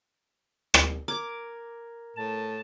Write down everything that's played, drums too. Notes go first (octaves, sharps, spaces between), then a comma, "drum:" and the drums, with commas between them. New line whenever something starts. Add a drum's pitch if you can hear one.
drum: rim click
A#4 D6 G#6
A2 A5